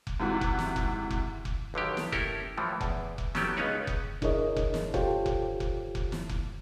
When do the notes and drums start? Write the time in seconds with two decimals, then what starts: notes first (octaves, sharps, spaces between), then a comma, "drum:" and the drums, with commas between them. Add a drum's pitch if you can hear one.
0.07 drum: kick F1
0.20 G#2 C3 E3 F#4
0.41 drum: kick F1
0.59 drum: snare
0.76 drum: kick F1
1.10 drum: kick F1
1.45 drum: kick F1
1.74 B1 D3 D#3 G4
1.97 drum: snare
2.12 C#4 E4 G4 A4 A#4, drum: kick F1
2.57 A2 E3 F3 A3
2.81 E2, drum: kick F1
3.18 drum: kick F1
3.35 F#3 G3 A3 B3 C#4 G4, drum: snare
3.57 C#2 B3 C#4 D#4 B4 C#5
3.87 drum: kick F1
4.22 D4 E4 G#4 A#4 C#5 D#5, drum: kick F1
4.56 drum: kick F1
4.74 drum: snare
4.94 F4 G4 A4 C5 C#5 G5, drum: kick F1
5.26 drum: kick F1
5.60 drum: kick F1
5.95 drum: kick F1
6.12 drum: snare
6.29 drum: kick F1